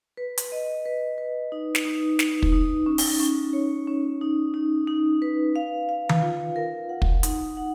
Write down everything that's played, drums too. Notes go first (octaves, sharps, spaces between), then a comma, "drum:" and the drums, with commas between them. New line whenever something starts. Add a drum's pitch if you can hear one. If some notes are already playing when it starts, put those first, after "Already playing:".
B4
drum: hi-hat
D#5
B4
B4
D#4
drum: snare
D#4
D#4, drum: snare
drum: kick
D#4
C#4
drum: open hi-hat
C#4
C#5
C#4
D#4
D#4
D#4
B4
F5
F5
drum: tom D#3
F4
A#4
F#5
drum: kick
D#4, drum: hi-hat
F#5